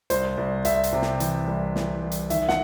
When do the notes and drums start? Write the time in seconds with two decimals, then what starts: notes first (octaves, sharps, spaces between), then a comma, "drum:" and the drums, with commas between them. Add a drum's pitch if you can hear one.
0.10 C2 C5, drum: hi-hat
0.37 C2
0.65 C2 E5, drum: hi-hat
0.84 drum: hi-hat
0.93 C3
1.02 drum: snare
1.20 E3, drum: hi-hat
1.47 C2
1.76 E3, drum: snare
2.02 C2
2.12 drum: hi-hat
2.30 D#3 E5, drum: hi-hat
2.49 F#5, drum: snare